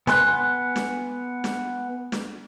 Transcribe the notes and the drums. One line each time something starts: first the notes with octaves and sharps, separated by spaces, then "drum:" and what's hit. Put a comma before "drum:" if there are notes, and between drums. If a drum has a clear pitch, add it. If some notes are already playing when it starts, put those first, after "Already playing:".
B3 G#5 C6 F#6, drum: snare
drum: snare
drum: snare
drum: snare